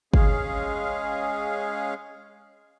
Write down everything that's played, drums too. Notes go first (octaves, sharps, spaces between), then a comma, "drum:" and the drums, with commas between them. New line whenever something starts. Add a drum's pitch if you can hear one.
G#3 C#4 G#4 F5, drum: kick G1